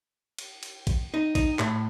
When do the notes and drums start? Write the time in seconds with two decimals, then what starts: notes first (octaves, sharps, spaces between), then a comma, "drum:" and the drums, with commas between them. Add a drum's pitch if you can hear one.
0.38 drum: cymbal
0.63 drum: cymbal
0.87 drum: kick A#1, cymbal
1.14 D#4
1.35 D#4, drum: kick A#1, cymbal
1.59 A2, drum: clap